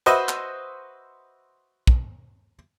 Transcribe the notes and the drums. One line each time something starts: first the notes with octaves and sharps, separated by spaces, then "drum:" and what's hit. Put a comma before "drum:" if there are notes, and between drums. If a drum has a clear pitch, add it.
F#4 B4 C5 D#5 E5, drum: hi-hat
drum: clap
drum: kick